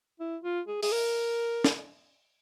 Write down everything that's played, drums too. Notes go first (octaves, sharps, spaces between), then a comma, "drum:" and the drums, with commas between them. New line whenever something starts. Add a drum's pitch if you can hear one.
E4
F4
G#4
G#4, drum: open hi-hat
A#4
drum: snare